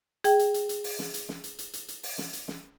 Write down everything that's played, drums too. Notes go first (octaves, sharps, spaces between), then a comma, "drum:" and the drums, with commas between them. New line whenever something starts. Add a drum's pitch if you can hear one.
G#4 G5, drum: hi-hat
drum: hi-hat
drum: hi-hat
drum: hi-hat
drum: open hi-hat
drum: snare
drum: hi-hat
drum: snare
drum: hi-hat
drum: hi-hat
drum: hi-hat
drum: hi-hat
drum: open hi-hat
drum: snare
drum: hi-hat
drum: snare